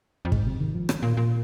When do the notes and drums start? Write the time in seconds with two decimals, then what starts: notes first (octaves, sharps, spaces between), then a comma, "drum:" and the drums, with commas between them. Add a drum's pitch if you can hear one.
0.25 F2
0.32 G#2, drum: kick
0.47 C3
0.60 D#3
0.75 F3
0.89 D#3, drum: rim click
1.02 A#2
1.17 A#2